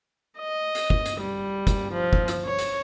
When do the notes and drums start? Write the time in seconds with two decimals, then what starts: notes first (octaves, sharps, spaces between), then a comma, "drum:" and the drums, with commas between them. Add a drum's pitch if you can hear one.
0.39 D#5
0.75 drum: hi-hat
0.90 drum: kick
1.06 drum: hi-hat
1.21 G3
1.67 drum: kick, hi-hat
1.93 F3
2.13 drum: kick
2.28 drum: hi-hat
2.45 C#5
2.59 drum: hi-hat